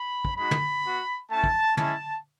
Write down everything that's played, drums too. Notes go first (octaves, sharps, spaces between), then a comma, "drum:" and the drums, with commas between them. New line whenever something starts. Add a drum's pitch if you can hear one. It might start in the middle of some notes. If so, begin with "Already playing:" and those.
Already playing: B5
drum: kick
G#3 D#4 F#4 B5
drum: tom
B3 F#4
A3 C#4 E4 A5
drum: kick
G#3 C#4 E4 A5, drum: tom